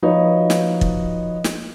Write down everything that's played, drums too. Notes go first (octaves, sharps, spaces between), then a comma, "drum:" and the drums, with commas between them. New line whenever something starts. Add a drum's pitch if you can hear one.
F3 D#4 F#4 B4 C#5 D#5
drum: snare
drum: kick
drum: snare